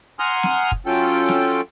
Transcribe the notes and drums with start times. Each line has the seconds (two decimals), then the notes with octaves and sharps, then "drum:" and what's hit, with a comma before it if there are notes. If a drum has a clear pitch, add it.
0.19 F#5 G#5 A#5 C6 D#6 F6
0.43 drum: snare
0.72 drum: kick
0.86 F#3 C#4 F4 A4 G5
1.28 drum: snare